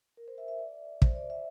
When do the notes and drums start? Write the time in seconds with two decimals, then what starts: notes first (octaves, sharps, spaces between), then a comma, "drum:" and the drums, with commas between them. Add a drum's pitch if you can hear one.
0.17 A#4
0.28 C5
0.38 E5
0.48 E5
0.59 D5
1.02 C5, drum: kick
1.15 D5
1.30 E5